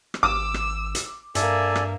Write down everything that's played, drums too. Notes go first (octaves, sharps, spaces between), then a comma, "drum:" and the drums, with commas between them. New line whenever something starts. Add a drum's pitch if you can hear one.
drum: rim click
G#1 D6 E6
drum: rim click
drum: hi-hat
G2 A#3 A4 D5 E5 G#5, drum: hi-hat
drum: rim click